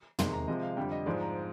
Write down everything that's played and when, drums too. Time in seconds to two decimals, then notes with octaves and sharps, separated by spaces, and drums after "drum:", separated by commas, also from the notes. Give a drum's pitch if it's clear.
0.19 C3 D#3 G#3 C6, drum: tom
0.33 A#5
0.48 C3 F3 G#3 D#5
0.63 F5
0.77 F2 D3 G3 G5
0.91 D#5
1.06 G#2 F3 G#3 D5
1.21 A#5